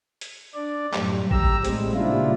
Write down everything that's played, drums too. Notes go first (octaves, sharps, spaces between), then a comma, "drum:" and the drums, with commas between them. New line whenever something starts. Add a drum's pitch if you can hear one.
drum: hi-hat
D4 D5
F#2 A2 G3, drum: clap
G4 A#5 E6, drum: kick
A2 G3 G#3 C4, drum: hi-hat
A#2 C#3 G3 D4 E4 F4